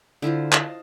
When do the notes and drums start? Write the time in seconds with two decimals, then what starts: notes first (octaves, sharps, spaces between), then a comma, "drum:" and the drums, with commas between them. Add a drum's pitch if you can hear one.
0.22 D3 E4 F4 C5
0.52 D#5 F5 A5, drum: clap